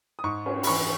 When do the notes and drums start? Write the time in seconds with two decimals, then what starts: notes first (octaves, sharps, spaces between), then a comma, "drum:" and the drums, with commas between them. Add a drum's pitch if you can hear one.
0.19 D#6
0.24 G#2 C#6
0.46 C#4, drum: cymbal
0.63 B5, drum: open hi-hat
0.67 E3 C#6